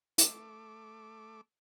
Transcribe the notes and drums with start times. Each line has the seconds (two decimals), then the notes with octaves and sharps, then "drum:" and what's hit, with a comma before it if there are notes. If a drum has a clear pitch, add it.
0.18 A3 D6, drum: hi-hat